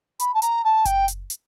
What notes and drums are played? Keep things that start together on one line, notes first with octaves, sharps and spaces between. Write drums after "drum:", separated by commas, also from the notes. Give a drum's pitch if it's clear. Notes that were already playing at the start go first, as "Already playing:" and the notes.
B5, drum: hi-hat
A5
A#5, drum: hi-hat
A5
G5, drum: kick F#1, hi-hat
drum: hi-hat
drum: hi-hat